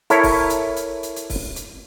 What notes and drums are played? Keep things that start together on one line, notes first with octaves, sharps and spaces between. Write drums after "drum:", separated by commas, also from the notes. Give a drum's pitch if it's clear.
E4 A4 A#4 C#5, drum: hi-hat
drum: kick, open hi-hat
drum: hi-hat
drum: hi-hat
drum: hi-hat
drum: hi-hat
drum: kick, open hi-hat
drum: hi-hat